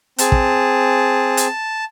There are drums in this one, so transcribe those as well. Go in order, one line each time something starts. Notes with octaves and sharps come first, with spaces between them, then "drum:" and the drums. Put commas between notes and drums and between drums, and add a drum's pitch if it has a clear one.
C4 G#4 A5, drum: hi-hat
drum: kick
drum: hi-hat